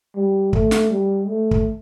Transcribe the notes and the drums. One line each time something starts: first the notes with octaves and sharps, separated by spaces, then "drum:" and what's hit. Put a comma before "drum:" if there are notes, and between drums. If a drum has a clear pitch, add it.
G3
A3, drum: kick
drum: snare
G3
A3
drum: kick